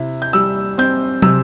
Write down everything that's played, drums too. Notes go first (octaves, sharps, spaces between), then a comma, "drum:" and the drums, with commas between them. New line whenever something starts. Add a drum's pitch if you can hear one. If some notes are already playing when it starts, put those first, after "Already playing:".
Already playing: C3 E4
G6
G3 E6
C4 G6
C3 E6, drum: tom